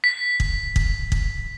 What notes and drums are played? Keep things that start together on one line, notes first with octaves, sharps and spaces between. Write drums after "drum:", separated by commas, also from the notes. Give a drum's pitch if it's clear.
B6
drum: kick
drum: kick
drum: kick